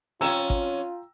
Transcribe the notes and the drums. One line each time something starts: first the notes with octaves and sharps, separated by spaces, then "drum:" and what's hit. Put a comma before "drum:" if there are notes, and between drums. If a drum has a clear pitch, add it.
F2 C#4 F4 G5 A#5 E6, drum: open hi-hat
drum: kick G#1